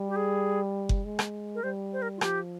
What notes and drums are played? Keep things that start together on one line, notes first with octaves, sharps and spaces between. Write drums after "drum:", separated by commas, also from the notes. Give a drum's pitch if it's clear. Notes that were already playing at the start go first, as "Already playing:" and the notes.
Already playing: G3
G4
G#4
drum: kick F#1
G#3
drum: rim click
A#4
G3 C5
C5
A#4
F4
F3 G4, drum: rim click